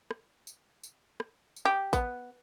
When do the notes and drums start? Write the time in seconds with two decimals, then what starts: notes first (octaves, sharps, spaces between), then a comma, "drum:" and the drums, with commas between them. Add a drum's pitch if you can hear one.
0.11 drum: rim click
0.47 drum: tambourine
0.83 drum: tambourine
1.20 drum: rim click
1.56 drum: tambourine
1.65 G4
1.93 B3, drum: kick A1, tambourine